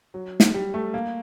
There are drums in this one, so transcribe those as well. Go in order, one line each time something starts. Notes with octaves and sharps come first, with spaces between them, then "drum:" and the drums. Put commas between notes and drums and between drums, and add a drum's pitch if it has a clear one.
F#3
drum: snare
G3
A3
A#3